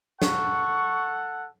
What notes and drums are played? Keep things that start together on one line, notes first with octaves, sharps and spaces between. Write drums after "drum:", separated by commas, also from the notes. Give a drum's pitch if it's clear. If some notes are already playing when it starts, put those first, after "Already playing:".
A4 F#5 C#6, drum: snare